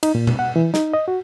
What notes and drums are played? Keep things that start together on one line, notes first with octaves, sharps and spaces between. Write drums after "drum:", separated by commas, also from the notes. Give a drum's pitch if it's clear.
D#4, drum: cymbal
A#2
drum: tom B2
F#5
E3
D#4, drum: snare
D#5
F#4